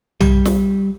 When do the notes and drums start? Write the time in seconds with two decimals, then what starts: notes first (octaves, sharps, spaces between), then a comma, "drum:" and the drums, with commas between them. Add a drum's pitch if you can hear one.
0.21 G3, drum: tom
0.45 drum: snare